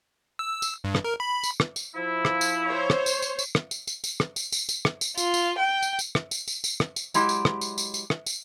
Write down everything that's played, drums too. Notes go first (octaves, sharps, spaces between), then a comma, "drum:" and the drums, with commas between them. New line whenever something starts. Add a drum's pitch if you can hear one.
E6
drum: tambourine
G2
drum: rim click
A#4
B5
drum: tambourine
drum: rim click
drum: tambourine
F3 E4
drum: rim click
drum: tambourine
C5 C#5
drum: rim click
drum: tambourine
drum: tambourine
drum: tambourine
drum: rim click
drum: tambourine
drum: tambourine
drum: tambourine
drum: rim click
drum: tambourine
drum: tambourine
drum: tambourine
drum: rim click
drum: tambourine
F4, drum: tambourine
drum: tambourine
G5
drum: tambourine
drum: tambourine
drum: rim click
drum: tambourine
drum: tambourine
drum: tambourine
drum: rim click
drum: tambourine
F#3 G#3 E4 G4, drum: tambourine
drum: tambourine
drum: rim click
drum: tambourine
drum: tambourine
drum: tambourine
drum: rim click
drum: tambourine